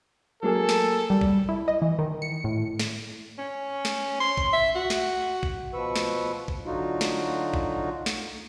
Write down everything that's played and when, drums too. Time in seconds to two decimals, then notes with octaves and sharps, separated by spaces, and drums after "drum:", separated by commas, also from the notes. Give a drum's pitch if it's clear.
0.43 F#3 A#3 G#4 A4
0.69 drum: snare
1.10 G3
1.21 drum: kick
1.49 E4
1.68 D#5
1.82 E3
1.99 D#3
2.22 C#7
2.44 A2
2.79 drum: snare
3.38 C#4
3.85 drum: snare
4.20 C6
4.38 drum: kick
4.53 E5
4.76 F#4
4.90 drum: snare
5.43 drum: kick
5.74 B2 F3 B4 C#6 E6
5.96 drum: snare
6.48 drum: kick
6.66 D3 F#3 D#4 F4 F#4
7.01 drum: snare
7.54 drum: kick
8.06 drum: snare